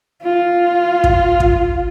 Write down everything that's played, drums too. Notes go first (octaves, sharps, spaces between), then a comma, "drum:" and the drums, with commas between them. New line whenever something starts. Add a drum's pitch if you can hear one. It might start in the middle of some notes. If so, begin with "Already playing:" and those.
F4
drum: kick
drum: kick